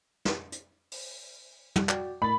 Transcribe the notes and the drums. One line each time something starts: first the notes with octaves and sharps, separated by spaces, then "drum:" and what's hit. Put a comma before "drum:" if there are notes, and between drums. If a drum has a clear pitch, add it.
drum: snare
drum: hi-hat
drum: open hi-hat
G3, drum: tom
F#4 D5 G5, drum: clap
A2 A#4 B5 A6